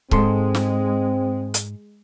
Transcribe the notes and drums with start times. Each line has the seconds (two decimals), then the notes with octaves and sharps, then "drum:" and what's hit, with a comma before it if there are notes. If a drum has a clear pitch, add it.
0.11 G#2 G#3 C4 A4 C6, drum: kick C#1
0.55 drum: snare
1.54 drum: hi-hat